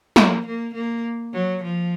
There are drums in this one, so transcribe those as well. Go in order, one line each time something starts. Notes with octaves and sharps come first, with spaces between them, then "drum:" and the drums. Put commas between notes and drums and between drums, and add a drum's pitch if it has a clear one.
A#3, drum: snare
A#3
A#3
F#3
F3